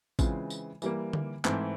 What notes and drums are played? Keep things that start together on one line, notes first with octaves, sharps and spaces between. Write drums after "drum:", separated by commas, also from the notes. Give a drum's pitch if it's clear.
C#3 E3 G#3 C4 F4, drum: kick A1, tambourine
drum: tambourine
E3 G3 A#3, drum: tambourine
drum: tom D3
G#2 E3 A3 C4 E4, drum: clap